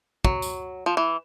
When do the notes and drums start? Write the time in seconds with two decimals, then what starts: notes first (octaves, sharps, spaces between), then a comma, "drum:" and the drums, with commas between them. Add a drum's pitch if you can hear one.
0.25 F#3, drum: kick
0.42 drum: tambourine
0.86 F3
0.97 E3